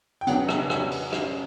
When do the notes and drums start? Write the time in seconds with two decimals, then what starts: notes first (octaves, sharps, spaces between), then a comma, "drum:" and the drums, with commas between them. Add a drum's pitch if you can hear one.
0.21 G5
0.27 C#3 F#3 B3 D4 F#5, drum: hi-hat
0.49 drum: rim click
0.70 drum: rim click
0.91 drum: open hi-hat
1.12 drum: rim click